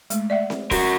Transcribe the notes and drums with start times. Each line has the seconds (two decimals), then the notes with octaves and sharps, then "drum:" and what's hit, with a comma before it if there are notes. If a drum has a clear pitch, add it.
0.10 G#3 A3, drum: hi-hat
0.30 D5 E5 F#5
0.50 drum: snare C4
0.71 F#4 A#4, drum: kick E1, open hi-hat